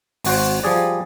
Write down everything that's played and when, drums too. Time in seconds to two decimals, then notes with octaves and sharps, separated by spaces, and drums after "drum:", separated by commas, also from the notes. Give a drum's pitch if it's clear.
0.24 G#1 F#4 C5, drum: open hi-hat
0.64 F3 G3 G#4 D5